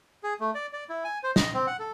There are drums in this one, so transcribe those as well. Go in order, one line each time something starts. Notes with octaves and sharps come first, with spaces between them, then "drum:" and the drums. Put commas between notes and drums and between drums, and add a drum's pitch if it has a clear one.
G#4
A3
D5
D5
E4
G#5
C5
D#5, drum: snare
C4
F#5
A4